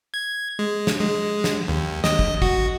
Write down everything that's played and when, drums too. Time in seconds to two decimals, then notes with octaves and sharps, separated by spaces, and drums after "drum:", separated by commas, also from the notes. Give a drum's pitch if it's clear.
0.14 G#6
0.59 G#3
0.87 drum: snare
0.99 G#3
1.44 drum: snare
1.68 D#2
2.04 D#5, drum: snare
2.19 drum: kick
2.42 F#4, drum: kick